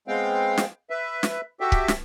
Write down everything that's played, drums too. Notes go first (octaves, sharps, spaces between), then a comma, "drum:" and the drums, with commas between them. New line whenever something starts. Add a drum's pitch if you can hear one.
G#3 B3 C4 F5 G5
drum: snare
B4 E5
drum: snare
F#4 G4 A4 E5 G5
drum: kick C#1
drum: snare